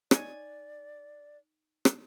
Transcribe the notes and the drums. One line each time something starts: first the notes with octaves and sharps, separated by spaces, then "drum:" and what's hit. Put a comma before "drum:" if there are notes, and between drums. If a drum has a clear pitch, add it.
D#4 C#5 D5 G#5, drum: rim click
drum: rim click